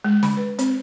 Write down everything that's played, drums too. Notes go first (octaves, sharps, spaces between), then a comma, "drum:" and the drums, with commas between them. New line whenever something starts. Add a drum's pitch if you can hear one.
G#3
B5, drum: snare
B4
C4, drum: hi-hat